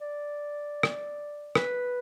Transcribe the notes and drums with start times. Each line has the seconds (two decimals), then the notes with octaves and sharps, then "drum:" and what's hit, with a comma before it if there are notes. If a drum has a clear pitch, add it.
0.01 D5
0.83 drum: rim click
1.55 B4, drum: rim click